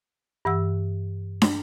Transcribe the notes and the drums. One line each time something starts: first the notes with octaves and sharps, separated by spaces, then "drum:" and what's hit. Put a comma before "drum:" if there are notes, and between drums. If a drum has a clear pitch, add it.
G2 E3 F#5 E6
drum: snare